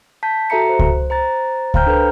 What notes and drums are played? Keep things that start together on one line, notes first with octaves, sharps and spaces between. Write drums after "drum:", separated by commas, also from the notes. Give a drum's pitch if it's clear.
A5 G6 B6
F#4 A4 E5 A#5 C#7
C5
drum: kick C#2
C5 A#5 A6
C5 F5 G5 A#5 F6 G6, drum: kick C#2
D4 A4 B4